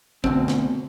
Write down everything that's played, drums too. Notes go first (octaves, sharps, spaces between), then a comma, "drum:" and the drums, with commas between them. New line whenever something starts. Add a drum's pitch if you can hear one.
D2 G2 B2 C4, drum: kick
drum: snare